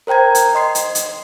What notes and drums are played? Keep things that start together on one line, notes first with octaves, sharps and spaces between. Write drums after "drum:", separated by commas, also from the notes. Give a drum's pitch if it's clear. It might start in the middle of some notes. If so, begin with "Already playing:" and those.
A#4 C5 G5 A#5 G#6
drum: hi-hat
D#5 C6 C7
drum: hi-hat
drum: hi-hat